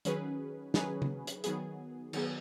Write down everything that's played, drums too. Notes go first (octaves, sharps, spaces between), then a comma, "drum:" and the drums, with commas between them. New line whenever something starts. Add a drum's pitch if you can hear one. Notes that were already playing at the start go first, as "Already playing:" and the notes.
D#3 F#3 C#4 G#4 B4, drum: hi-hat
D#3 F#3 C#4 G#4 B4, drum: snare
drum: tom C#3
drum: hi-hat
D#3 F#3 B3 G#4, drum: hi-hat
D#3 F#3 B3 G#4, drum: cymbal